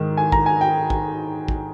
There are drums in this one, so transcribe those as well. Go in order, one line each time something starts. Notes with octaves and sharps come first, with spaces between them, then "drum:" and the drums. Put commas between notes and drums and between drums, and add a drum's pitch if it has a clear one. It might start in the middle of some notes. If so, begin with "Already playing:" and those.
Already playing: G#2 D#3
G#5
A#5, drum: kick
G#5
G5
drum: kick
drum: kick